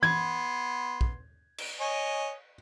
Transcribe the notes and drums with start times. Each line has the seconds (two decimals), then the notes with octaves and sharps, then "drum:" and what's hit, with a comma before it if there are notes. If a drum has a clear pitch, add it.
0.03 B3 C6 G#6, drum: tom E3
1.01 drum: kick
1.58 drum: cymbal
1.80 C#5 D#5 G#5